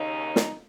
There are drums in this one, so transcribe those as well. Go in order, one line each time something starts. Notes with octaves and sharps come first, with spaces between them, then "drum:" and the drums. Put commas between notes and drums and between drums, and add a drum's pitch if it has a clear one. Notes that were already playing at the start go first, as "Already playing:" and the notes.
Already playing: D#2 C#3 D#4
drum: snare